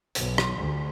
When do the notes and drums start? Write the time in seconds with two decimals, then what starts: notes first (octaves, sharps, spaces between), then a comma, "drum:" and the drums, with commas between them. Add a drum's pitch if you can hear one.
0.15 B1, drum: hi-hat
0.38 drum: rim click
0.56 D2